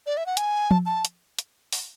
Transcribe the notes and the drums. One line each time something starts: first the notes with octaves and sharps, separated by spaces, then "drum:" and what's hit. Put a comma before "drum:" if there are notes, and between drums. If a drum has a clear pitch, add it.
D5
E5
F#5
G#5, drum: hi-hat
A5, drum: tom F3
A5
drum: hi-hat
drum: hi-hat
drum: open hi-hat